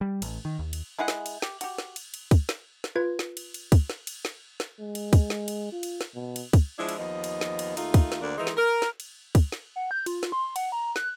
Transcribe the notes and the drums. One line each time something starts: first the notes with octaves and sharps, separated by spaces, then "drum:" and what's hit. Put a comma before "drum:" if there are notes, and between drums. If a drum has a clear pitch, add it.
G3
A1, drum: cymbal
D#3
D#2
drum: cymbal
G#3 E4 G#4 F#5
drum: snare
drum: cymbal
G4, drum: snare
F#4 G4, drum: cymbal
drum: snare
drum: cymbal
drum: cymbal
drum: kick, cymbal
drum: snare
drum: snare
F4 B4 G#6
drum: snare
drum: cymbal
drum: cymbal
drum: kick, cymbal
drum: snare
drum: cymbal
drum: snare
drum: snare
G#3
drum: cymbal
drum: kick, cymbal
drum: snare
drum: cymbal
F4
drum: cymbal
drum: snare
B2
drum: cymbal
drum: kick, cymbal
F3 G#3 D4 E4
drum: cymbal
D#2 F3 B3 D#5
drum: cymbal
drum: snare
drum: cymbal
D#2 A3 D#4 F4, drum: cymbal
drum: kick, cymbal
drum: snare
D2 D3 A#3 D4
D#3 E3 G#3 D#4
drum: snare
A#4
drum: snare
drum: cymbal
drum: kick, cymbal
drum: snare
F#5
G6
F4, drum: cymbal
drum: snare
C6
F#5, drum: cymbal
A#5
F#6, drum: snare